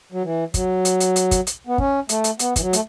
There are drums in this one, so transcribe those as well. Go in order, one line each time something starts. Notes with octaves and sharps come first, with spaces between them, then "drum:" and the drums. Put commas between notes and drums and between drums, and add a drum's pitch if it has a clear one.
F#3
E3
F#3, drum: kick, hi-hat
drum: hi-hat
drum: hi-hat
drum: hi-hat
drum: kick, hi-hat
drum: hi-hat
B3
C#4, drum: kick
A3, drum: hi-hat
drum: hi-hat
B3, drum: hi-hat
E3, drum: kick, hi-hat
F#3
A3, drum: hi-hat